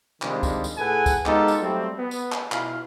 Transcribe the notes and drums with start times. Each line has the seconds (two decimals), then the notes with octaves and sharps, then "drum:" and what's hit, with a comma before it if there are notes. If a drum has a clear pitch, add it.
0.22 C3 D#3 F3 G3 G#3 D4, drum: clap
0.43 drum: kick, tambourine
0.64 drum: tambourine
0.78 A2 G#4 A4 B4 F#5 G#5
1.06 drum: kick, tambourine
1.26 G#3 B3 D#4 F4 G4 A4, drum: clap
1.48 drum: tambourine
1.62 F#3 G3 A3 A#3 C4
1.99 B3
2.11 drum: tambourine
2.32 drum: clap
2.52 B2 E4 F4 F5, drum: clap